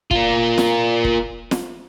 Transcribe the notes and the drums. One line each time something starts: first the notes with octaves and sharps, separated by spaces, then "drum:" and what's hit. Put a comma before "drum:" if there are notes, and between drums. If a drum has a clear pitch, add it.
A#3 F4, drum: kick
drum: snare
drum: kick
drum: snare